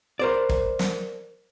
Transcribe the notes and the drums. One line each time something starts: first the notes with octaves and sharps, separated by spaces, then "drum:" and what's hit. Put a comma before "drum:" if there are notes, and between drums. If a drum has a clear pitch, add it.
A#4 C5 D5
drum: kick
drum: snare